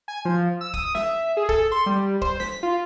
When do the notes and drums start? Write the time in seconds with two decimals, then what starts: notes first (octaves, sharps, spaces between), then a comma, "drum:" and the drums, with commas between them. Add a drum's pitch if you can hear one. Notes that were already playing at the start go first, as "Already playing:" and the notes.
0.08 G#5
0.25 F3
0.61 E6
0.74 D#6, drum: kick
0.95 E5, drum: snare
1.37 G#4
1.49 A4, drum: kick
1.72 C6
1.86 G3
2.22 C5, drum: kick
2.40 B6, drum: snare
2.63 F4